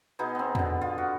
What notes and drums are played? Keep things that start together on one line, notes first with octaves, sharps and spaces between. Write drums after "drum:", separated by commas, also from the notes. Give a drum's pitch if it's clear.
B2 B3 D#4 G#4
B3 C4
B2 D3, drum: tom E2
F4
F#4